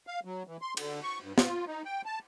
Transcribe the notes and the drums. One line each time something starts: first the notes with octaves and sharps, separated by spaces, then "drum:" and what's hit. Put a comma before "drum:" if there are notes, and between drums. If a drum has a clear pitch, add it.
F5
F#3
E3
C6
D3, drum: cymbal
C#6
G2
F4, drum: snare
D#4
G5
A5